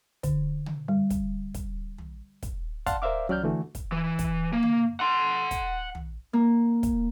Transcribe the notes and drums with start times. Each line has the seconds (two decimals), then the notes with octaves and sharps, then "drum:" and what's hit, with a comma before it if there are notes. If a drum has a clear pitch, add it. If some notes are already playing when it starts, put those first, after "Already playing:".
0.23 D3, drum: kick, hi-hat
0.66 drum: tom
0.88 G3
1.10 drum: kick, hi-hat
1.54 drum: kick, hi-hat
1.98 drum: tom
2.42 drum: kick, hi-hat
2.87 D5 F5 F#5 A5 C6, drum: kick, hi-hat
3.02 A#4 C5 D5 E5 F5 D6
3.29 F#3 C#4 D5 F6 G6, drum: tom
3.43 D3 E3 A3 F#4
3.75 drum: kick, hi-hat
3.92 E3
4.19 drum: kick, hi-hat
4.53 A#3
4.63 drum: tom
5.00 F#5 C6
5.51 drum: kick, hi-hat
5.95 drum: tom
6.33 A#3
6.83 drum: kick, hi-hat